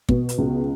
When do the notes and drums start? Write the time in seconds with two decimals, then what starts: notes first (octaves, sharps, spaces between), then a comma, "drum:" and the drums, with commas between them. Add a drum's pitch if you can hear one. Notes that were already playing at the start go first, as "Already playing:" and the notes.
0.09 B2, drum: kick
0.29 drum: hi-hat
0.38 C#2